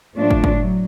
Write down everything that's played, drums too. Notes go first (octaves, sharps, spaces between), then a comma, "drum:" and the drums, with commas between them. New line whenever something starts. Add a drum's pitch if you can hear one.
A2 F3 A3 D4
drum: kick
drum: kick
F#3